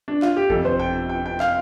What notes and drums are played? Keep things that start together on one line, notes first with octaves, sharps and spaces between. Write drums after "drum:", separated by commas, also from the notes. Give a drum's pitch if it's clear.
D4
F4, drum: clap
G4
F2 C3 F3 A4, drum: kick G#1
C5
G5
G5
G5
F5, drum: clap